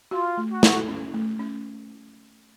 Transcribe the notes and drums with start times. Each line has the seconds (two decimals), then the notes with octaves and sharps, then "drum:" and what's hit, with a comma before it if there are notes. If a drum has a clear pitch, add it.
0.11 F4 F#4
0.37 A3
0.50 F#4
0.63 A4, drum: snare
0.88 C#4
1.14 A3
1.39 C#4